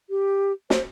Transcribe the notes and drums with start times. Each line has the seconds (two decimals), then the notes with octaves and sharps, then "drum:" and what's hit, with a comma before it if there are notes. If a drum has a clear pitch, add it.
0.10 G4
0.70 C5, drum: snare